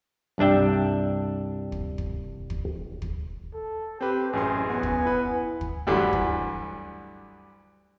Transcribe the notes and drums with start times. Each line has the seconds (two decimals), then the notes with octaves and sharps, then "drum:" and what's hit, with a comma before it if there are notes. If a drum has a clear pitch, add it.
0.38 C2 G2 D4 E5 G5
1.72 drum: kick
1.98 drum: kick
2.50 drum: kick
3.02 drum: kick
3.54 A4
4.01 C4 G4 B4 C5
4.33 A1 F#2 G#4 G#5 C6
4.69 B3
4.83 drum: kick
5.05 E4 B4
5.61 drum: kick
5.87 D2 G2 D3 E3 F#3
6.13 drum: kick